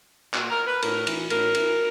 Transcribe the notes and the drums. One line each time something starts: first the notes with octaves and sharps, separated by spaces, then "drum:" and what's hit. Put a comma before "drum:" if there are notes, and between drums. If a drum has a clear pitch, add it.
A#2 F#4, drum: clap
A#4
B4
A2 A#4, drum: cymbal
E3, drum: cymbal
A2 A#4, drum: cymbal
E3, drum: cymbal